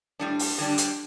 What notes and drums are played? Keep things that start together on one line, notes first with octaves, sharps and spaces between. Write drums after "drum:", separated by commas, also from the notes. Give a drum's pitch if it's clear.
A2 G3 D4
drum: open hi-hat
D3 G3 D4
drum: hi-hat